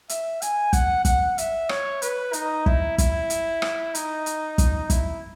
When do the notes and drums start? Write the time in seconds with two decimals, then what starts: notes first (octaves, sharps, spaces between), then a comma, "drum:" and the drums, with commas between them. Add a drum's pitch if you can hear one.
0.09 E5, drum: hi-hat
0.42 G#5, drum: hi-hat
0.73 F#5, drum: kick, hi-hat
1.05 F#5, drum: kick, hi-hat
1.38 E5, drum: hi-hat
1.69 C#5, drum: rim click
2.02 B4, drum: hi-hat
2.33 D#4, drum: hi-hat
2.66 E4, drum: kick
2.98 E4, drum: kick, hi-hat
3.30 drum: hi-hat
3.62 drum: rim click
3.95 D#4, drum: hi-hat
4.26 drum: hi-hat
4.58 drum: kick, hi-hat
4.90 E4, drum: kick, hi-hat